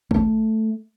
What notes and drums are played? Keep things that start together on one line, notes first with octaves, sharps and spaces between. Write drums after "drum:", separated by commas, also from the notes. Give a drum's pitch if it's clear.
A3, drum: kick G#1